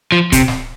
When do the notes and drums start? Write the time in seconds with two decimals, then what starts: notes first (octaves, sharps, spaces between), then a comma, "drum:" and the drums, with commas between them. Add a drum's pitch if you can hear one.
0.12 F3
0.32 C3, drum: kick, hi-hat
0.48 drum: snare